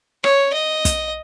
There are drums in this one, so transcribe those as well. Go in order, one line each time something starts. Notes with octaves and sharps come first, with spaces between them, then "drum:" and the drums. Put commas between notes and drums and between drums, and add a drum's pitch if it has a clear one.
C#5, drum: rim click
D#5
drum: kick, hi-hat